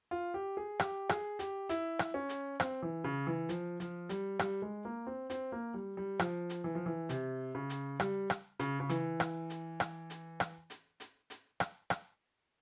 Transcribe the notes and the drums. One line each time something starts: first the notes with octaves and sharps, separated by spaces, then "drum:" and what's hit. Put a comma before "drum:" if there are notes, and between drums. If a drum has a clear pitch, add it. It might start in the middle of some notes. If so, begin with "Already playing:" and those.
F4
G4
G#4
G4, drum: rim click
G#4, drum: rim click
G4, drum: hi-hat
E4, drum: hi-hat
drum: rim click
C#4
drum: hi-hat
C4, drum: rim click
E3
C#3
E3
F3, drum: hi-hat
F3, drum: hi-hat
G3, drum: hi-hat
G3, drum: rim click
G#3
A#3
C4
C4, drum: hi-hat
A#3
G3
G3
F3, drum: rim click
drum: hi-hat
E3
F3
E3
C3, drum: hi-hat
C#3
drum: hi-hat
G3, drum: rim click
drum: rim click
C#3, drum: hi-hat
C#3
E3, drum: hi-hat
drum: rim click
drum: hi-hat
drum: rim click
drum: hi-hat
drum: rim click
drum: hi-hat
drum: hi-hat
drum: hi-hat
drum: rim click
drum: rim click